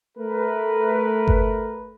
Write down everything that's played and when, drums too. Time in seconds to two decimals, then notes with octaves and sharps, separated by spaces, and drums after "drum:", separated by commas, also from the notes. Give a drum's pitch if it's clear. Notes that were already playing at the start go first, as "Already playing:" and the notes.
0.18 A3 A#4 B4
1.28 drum: kick G1